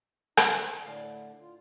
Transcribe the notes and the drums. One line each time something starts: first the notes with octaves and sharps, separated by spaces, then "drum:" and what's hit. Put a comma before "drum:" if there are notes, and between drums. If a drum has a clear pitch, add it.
D#4, drum: rim click
A#4 A5
A2 D3 D5 F5
F4